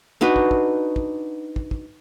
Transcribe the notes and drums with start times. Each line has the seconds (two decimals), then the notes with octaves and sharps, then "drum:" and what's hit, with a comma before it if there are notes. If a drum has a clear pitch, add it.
0.21 D4 D#4 F#4 B4
0.36 drum: kick
0.51 drum: kick
0.96 drum: kick
1.56 drum: kick
1.71 drum: kick